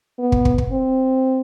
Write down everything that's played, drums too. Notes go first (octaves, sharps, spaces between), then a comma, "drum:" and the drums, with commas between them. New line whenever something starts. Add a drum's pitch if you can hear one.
B3
drum: kick
drum: kick
drum: kick
C4